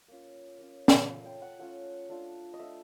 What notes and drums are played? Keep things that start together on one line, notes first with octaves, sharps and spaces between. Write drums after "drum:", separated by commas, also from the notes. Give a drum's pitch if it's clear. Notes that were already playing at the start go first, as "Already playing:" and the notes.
A#3 C#4 F4
A#3 C#4 F4
drum: snare
A3 C#4 F4 F5
G5
F#5
A3 C#4 F4 F#5
A3 D4 F4
D#5
A3 D4 F4 E5